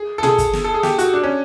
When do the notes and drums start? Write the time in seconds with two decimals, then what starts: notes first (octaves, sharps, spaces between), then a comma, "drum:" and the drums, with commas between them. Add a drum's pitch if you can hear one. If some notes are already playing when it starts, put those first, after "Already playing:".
Already playing: G#4
0.18 A4
0.23 G#4, drum: tom A#2
0.38 drum: kick, hi-hat
0.53 drum: snare
0.64 A4
0.74 G#4
0.83 G4, drum: snare
0.98 F#4, drum: hi-hat
1.14 D4
1.24 C#4